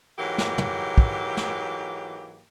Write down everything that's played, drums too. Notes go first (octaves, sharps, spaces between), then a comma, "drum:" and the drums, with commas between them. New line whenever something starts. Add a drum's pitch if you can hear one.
G#2 E3 F#3 A#3 G4
drum: snare
drum: tom
drum: kick
drum: snare